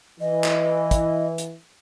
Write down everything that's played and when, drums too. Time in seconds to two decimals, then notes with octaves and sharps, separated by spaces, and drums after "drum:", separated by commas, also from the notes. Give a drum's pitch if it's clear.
0.21 E3 D#5
0.44 drum: clap
0.91 drum: kick, hi-hat
1.38 drum: hi-hat